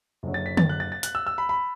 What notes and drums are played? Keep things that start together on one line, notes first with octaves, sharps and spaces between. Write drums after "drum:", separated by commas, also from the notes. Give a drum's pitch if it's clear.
F#1 F#2 D3 F#3
A6
B6
A6, drum: tom D3
F#6
A6
A6
F#6, drum: hi-hat
E6
E6
B5
B5